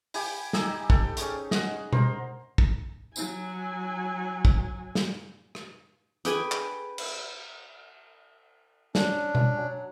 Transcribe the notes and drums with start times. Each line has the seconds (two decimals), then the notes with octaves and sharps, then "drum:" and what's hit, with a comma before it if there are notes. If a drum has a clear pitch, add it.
0.14 G4 G5 G#5 B5, drum: open hi-hat
0.53 D#4 G4 G#5 E6, drum: snare
0.90 A4 G5, drum: kick
1.17 C#4 G#4 C#6, drum: hi-hat
1.51 D#5 F#5, drum: snare
1.93 A#4 C5, drum: tom B2
2.58 drum: kick
3.16 F#3 G#5, drum: tambourine
4.45 drum: kick
4.95 drum: snare
5.55 drum: rim click
6.25 D4 G#4 A4 B4 G5 G#5, drum: hi-hat
6.52 drum: clap
6.98 drum: cymbal
8.95 C#4 D4, drum: snare
9.35 drum: tom B2
9.58 F#3